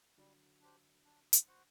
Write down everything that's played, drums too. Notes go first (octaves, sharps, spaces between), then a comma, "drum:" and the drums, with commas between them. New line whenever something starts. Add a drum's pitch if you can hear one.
D3 F#3 G3
D4 G4 C5
D4
drum: hi-hat
F#4 C5 F#5